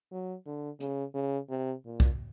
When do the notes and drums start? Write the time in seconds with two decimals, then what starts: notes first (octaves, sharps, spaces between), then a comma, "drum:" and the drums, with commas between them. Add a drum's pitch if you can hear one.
0.12 F#3
0.46 D3
0.80 C#3, drum: hi-hat
1.14 C#3
1.50 C3
1.85 A#2
2.00 drum: kick C2